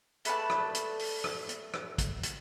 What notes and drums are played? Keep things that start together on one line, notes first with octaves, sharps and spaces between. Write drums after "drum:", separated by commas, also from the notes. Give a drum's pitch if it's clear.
A3 B4 D5 A5, drum: hi-hat
drum: rim click
drum: hi-hat
drum: open hi-hat
drum: rim click
drum: hi-hat
drum: rim click
drum: kick, hi-hat
drum: hi-hat